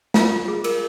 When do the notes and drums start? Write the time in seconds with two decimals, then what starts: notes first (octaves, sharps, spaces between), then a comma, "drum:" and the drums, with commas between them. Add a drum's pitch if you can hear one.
0.14 F4, drum: snare
0.32 F4
0.48 G#4
0.64 A#4, drum: cymbal